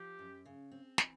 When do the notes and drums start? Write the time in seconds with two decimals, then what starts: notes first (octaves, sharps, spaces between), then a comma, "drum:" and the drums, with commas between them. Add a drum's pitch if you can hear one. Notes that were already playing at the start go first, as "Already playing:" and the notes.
Already playing: F3 G4
0.19 F#2
0.46 C#3
0.72 C4
0.98 E3, drum: snare